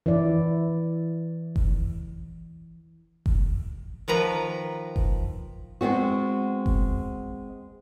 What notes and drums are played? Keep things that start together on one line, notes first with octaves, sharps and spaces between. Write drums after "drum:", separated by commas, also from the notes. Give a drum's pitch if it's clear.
E3 E4 D5
drum: kick F#1
drum: kick F#1
D#3 F3 B4 A#5
drum: kick F#1
G#3 B3 C4 F#4
drum: kick F#1